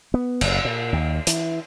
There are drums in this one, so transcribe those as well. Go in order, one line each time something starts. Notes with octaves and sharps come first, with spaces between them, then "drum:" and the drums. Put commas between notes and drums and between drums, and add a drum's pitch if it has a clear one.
B3
F#1, drum: cymbal
A#2
D#2
E3, drum: hi-hat